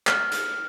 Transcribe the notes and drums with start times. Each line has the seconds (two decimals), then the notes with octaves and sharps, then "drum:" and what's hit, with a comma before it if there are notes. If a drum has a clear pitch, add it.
0.07 F6, drum: clap
0.32 drum: hi-hat